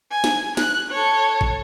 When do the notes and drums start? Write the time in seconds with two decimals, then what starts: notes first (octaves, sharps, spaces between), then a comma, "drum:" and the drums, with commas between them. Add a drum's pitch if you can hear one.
0.11 G#5
0.24 drum: snare
0.57 F#6, drum: snare
0.90 A4 C#5
1.41 drum: kick